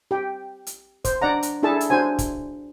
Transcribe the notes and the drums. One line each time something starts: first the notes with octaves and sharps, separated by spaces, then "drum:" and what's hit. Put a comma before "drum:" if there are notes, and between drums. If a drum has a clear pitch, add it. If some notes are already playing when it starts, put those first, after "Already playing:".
G4 G5
drum: hi-hat
C5, drum: kick, hi-hat
D4 D5 F#5 A#5
drum: hi-hat
D4 E4 G#4 A4 E5 A5
drum: hi-hat
D4 F#4 C5 G#5
drum: kick, hi-hat